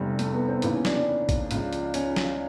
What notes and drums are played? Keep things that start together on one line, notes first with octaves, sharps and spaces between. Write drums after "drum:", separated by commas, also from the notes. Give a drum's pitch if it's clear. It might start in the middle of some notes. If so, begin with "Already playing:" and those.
Already playing: F1 E2 C3 G3
A3, drum: hi-hat
B3
C4
D#2 C#3 E3 B3, drum: hi-hat
C#4
D4, drum: snare
D4
drum: kick A1, hi-hat
C#2 C#3 F3, drum: hi-hat
drum: hi-hat
C#4, drum: hi-hat
drum: snare